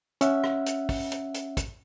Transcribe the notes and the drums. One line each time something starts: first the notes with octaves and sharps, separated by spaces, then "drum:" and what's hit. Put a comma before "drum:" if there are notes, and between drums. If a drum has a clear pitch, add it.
C#4 E5 F#5, drum: hi-hat
drum: rim click
drum: hi-hat
drum: kick, open hi-hat
drum: hi-hat
drum: hi-hat
drum: kick, hi-hat